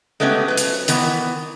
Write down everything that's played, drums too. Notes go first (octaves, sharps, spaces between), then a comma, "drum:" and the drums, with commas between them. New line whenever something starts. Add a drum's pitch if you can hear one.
G#3 A3 B3 C#4 D#4 G4
F#3 B4
drum: hi-hat
D#3 E3 B3, drum: hi-hat